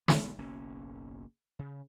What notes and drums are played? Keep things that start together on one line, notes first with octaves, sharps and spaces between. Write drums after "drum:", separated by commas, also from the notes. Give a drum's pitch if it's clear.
E1 C2 B3, drum: snare
F#1 B1 A#3 C#4
C#3